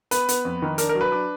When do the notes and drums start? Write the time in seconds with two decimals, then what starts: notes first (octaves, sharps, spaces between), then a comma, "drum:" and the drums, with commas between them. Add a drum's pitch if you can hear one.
0.11 B3 B4, drum: hi-hat
0.29 B3, drum: hi-hat
0.45 F2
0.62 D#3
0.78 D4 A#4, drum: hi-hat
0.89 A#4
0.95 F#3
1.01 B4
1.12 D4